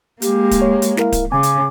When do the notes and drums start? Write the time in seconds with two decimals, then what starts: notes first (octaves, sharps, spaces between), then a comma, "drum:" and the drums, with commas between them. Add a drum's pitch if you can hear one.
0.22 G#3 A#3 G4, drum: hi-hat
0.51 drum: kick D1, hi-hat
0.62 C#5
0.82 drum: hi-hat
0.97 E4 A#4 F5, drum: snare
1.12 drum: kick D1, hi-hat
1.32 C#3 G#5 D6
1.43 drum: hi-hat